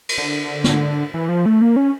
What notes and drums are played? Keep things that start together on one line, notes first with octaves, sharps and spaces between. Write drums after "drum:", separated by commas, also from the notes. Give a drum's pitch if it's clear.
drum: cymbal
D3
drum: snare
E3
F3
A3
A#3
C#4